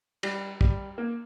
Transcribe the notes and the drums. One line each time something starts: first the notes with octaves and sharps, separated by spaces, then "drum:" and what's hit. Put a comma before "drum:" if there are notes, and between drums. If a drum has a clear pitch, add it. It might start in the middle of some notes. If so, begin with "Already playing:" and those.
G3, drum: cymbal
G3, drum: kick
A#3